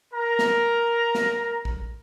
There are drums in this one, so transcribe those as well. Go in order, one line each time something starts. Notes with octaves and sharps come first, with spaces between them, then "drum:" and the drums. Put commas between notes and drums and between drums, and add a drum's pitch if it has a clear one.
A#4 A#5
drum: snare
drum: snare
drum: kick